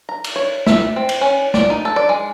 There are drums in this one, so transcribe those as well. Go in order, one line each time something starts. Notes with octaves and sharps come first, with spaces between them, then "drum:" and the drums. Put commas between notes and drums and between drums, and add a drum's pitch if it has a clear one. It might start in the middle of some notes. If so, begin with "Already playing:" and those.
A#5
drum: cymbal
C#5
E5, drum: snare
C4
drum: cymbal
C#4
D5, drum: snare
D#4
A4
D5
G#3